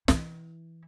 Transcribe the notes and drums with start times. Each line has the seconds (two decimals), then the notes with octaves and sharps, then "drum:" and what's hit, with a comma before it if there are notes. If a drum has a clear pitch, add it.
0.08 E3 E4, drum: snare